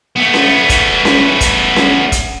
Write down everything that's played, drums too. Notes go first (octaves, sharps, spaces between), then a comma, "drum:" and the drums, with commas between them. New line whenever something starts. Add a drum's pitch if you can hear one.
A3 B3
drum: snare C#4
drum: kick, hi-hat
drum: snare C#4
drum: kick, hi-hat
drum: snare C#4
drum: kick, hi-hat